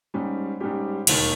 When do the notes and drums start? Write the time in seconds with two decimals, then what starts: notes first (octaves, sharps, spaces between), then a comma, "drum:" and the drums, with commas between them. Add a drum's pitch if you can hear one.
0.14 G#2 G3 C#4 G4
0.60 G#2 G3 C#4 G4
1.07 E1 D#2 D#3, drum: cymbal